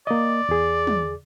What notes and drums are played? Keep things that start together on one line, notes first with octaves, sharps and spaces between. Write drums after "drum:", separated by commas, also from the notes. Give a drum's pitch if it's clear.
A#3 D5 D#5
E2 G#4
drum: tom